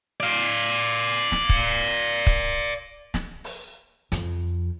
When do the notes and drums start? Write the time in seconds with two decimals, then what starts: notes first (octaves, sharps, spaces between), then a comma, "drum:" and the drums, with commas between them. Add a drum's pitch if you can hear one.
0.20 D5 F5
1.32 drum: snare
1.49 drum: kick
2.27 drum: kick
3.14 drum: snare
3.44 drum: open hi-hat
4.12 F2, drum: hi-hat